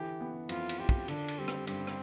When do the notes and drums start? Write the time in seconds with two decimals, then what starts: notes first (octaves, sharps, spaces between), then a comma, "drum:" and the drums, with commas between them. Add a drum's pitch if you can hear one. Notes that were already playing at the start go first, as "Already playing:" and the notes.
Already playing: D3 E3 G4 A4
0.21 B3
0.49 F2 F4, drum: cymbal
0.69 drum: cymbal
0.79 F4 G4
0.89 drum: kick
1.08 D3 D4, drum: cymbal
1.28 drum: cymbal
1.38 G3 C4
1.48 drum: rim click
1.67 G2 C4, drum: cymbal
1.87 drum: rim click